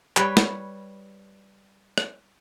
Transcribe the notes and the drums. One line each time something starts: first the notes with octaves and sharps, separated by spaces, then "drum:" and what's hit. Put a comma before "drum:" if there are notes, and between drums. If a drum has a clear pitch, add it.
G3 B4 C#5 G5, drum: clap
drum: snare
drum: rim click